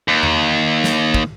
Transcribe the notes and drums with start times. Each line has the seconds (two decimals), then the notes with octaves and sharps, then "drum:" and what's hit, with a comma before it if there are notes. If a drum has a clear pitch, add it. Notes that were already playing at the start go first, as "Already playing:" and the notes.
0.08 D#2
0.23 drum: tom E2
0.84 drum: snare
1.14 drum: kick